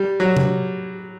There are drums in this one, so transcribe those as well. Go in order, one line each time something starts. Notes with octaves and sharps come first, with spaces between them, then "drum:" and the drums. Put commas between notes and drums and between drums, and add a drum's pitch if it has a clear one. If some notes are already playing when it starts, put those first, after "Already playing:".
Already playing: G3
F#3
drum: tom C3